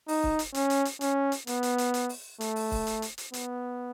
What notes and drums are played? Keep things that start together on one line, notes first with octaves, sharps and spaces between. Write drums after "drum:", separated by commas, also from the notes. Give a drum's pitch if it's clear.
D#4, drum: open hi-hat
drum: kick C#1
drum: hi-hat
C#4, drum: hi-hat
drum: hi-hat
drum: hi-hat
C#4, drum: hi-hat
drum: hi-hat
B3, drum: hi-hat
drum: hi-hat
drum: hi-hat
drum: hi-hat
drum: open hi-hat
A3, drum: hi-hat
drum: open hi-hat
drum: kick C#1, open hi-hat
drum: hi-hat
drum: hi-hat
drum: hi-hat
B3, drum: hi-hat